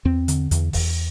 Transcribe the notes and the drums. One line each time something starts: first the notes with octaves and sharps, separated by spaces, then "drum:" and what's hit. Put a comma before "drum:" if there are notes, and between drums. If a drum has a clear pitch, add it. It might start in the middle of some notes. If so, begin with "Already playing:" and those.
E2 C4
D3, drum: hi-hat
E2, drum: hi-hat
E2, drum: kick, open hi-hat